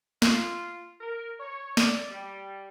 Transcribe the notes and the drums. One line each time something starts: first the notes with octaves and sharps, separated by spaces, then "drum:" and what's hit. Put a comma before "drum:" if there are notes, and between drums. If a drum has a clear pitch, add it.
F4, drum: snare
A#4
C#5
D5, drum: snare
G3